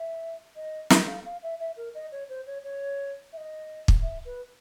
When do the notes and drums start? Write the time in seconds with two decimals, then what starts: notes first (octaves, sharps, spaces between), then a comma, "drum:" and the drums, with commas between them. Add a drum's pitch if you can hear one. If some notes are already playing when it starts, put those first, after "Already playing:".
Already playing: E5
0.56 D#5
0.90 F5, drum: snare
1.06 F5
1.25 F5
1.43 E5
1.59 E5
1.77 A#4
1.94 D#5
2.12 C#5
2.29 C5
2.46 C#5
2.64 C#5
3.33 E5
3.37 D#5
3.88 drum: kick
4.02 E5
4.25 B4